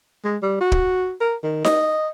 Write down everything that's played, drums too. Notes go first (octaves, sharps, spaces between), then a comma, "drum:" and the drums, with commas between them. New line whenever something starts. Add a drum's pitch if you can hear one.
G#3
G3
F#4
drum: kick
A#4
D#3
D#5, drum: snare D#4